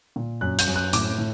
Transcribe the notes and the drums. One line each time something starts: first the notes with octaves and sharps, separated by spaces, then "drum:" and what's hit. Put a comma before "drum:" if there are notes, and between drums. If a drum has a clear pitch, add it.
A#2
F#2 F#6
G6, drum: hi-hat
F#2
F#6
A2 D6, drum: hi-hat
A2